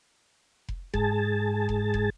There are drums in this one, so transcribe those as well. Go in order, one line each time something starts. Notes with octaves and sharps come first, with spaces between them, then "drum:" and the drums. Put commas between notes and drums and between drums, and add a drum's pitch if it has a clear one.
drum: kick F1
G#2 G#4 A5, drum: kick F1
drum: kick F1
drum: kick F1